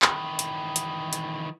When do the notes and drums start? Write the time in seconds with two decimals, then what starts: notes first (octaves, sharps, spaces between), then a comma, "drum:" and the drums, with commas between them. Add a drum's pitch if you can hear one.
0.02 D#3 E3, drum: clap
0.39 drum: hi-hat
0.76 drum: hi-hat
1.13 drum: hi-hat